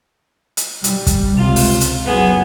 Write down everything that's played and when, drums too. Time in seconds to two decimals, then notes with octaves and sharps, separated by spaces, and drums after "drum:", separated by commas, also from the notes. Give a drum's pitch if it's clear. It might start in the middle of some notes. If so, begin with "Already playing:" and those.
0.57 drum: hi-hat
0.84 G3, drum: hi-hat
1.07 drum: kick, hi-hat
1.37 C#2 C3 F4
1.56 drum: open hi-hat
1.81 drum: hi-hat
2.06 F#1 F#3 B3 G#4